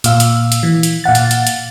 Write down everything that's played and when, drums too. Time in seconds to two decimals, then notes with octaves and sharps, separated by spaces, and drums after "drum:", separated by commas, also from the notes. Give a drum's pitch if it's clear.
0.04 A#2 F5 E6, drum: hi-hat
0.20 drum: hi-hat
0.52 drum: hi-hat
0.63 E3
0.83 drum: hi-hat
1.04 A#2 F5 F#5 A6
1.15 drum: hi-hat
1.31 drum: hi-hat
1.47 drum: hi-hat